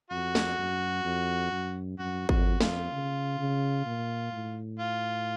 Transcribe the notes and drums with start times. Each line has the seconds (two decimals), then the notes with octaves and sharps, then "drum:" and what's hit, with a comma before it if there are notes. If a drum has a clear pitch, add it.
0.10 F2 F#4
0.35 drum: snare
0.58 F#2
1.04 F2
1.52 F#2
1.99 F#2 F#4
2.29 F2 F#4, drum: kick G#1
2.61 F2 F4, drum: snare
2.92 C#3
3.39 C#3
3.85 A#2
4.32 A2
4.79 F4